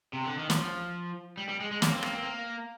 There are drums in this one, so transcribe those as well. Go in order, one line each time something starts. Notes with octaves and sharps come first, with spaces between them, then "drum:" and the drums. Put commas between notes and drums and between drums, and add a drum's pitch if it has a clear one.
C3
D3
D#3
F3, drum: snare
G3
G3
G#3
G#3
A#3, drum: snare
C4
A#3, drum: rim click
C4
A#3